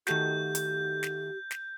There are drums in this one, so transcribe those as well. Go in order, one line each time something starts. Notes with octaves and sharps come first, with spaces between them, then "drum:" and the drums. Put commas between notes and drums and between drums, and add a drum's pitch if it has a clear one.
D#3 A3 F#4 G4 G6, drum: snare
drum: hi-hat
drum: snare
drum: snare